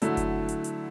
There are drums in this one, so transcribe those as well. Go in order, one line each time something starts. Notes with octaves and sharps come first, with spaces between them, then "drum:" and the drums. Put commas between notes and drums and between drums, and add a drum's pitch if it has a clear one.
D3 F#3 A3 E4, drum: hi-hat
drum: kick F#1, hi-hat
drum: hi-hat
drum: hi-hat